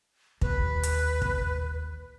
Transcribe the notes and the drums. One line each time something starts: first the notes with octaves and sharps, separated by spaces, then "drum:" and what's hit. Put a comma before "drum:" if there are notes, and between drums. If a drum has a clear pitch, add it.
D#2 B4, drum: kick
drum: hi-hat
drum: kick